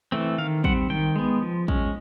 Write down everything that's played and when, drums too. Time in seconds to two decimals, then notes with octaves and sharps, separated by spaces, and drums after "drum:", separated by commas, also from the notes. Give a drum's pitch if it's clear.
0.12 E3 A3 C4
0.38 D#3 F5
0.64 G3 C4 F#5, drum: kick
0.90 D#3 G5
1.16 G#3 B3
1.42 F3
1.68 G#3 C#4, drum: kick